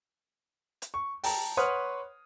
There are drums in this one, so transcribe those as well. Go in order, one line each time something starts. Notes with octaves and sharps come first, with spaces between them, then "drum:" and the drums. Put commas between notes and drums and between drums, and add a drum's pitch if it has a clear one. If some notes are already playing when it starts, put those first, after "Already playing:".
drum: hi-hat
C#6
G5 A5 A#5, drum: open hi-hat
B4 C#5 F#5 C6 D#6 F6